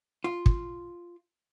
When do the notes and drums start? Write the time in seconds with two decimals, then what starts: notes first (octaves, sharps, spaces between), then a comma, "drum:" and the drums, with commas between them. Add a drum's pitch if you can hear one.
0.24 F4
0.46 drum: kick